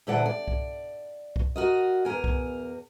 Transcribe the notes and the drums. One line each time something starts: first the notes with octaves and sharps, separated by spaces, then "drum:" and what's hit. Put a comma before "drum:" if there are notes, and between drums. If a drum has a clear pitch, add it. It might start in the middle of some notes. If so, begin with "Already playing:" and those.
D2 A#2 E3 A4 D5 F#5
D5
drum: kick C2
drum: kick C2
F#4 A#4 D#5
E2 A#4 G#5
drum: kick C2